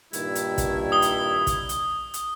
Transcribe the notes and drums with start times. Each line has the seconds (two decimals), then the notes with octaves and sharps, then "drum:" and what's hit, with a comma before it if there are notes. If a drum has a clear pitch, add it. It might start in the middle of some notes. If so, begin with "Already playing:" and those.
0.13 G2 A#2 D#3 E4, drum: hi-hat
0.35 drum: hi-hat
0.58 drum: kick, hi-hat
0.92 D#6 G7
1.02 drum: hi-hat
1.47 drum: kick, hi-hat
1.69 drum: hi-hat
2.14 drum: hi-hat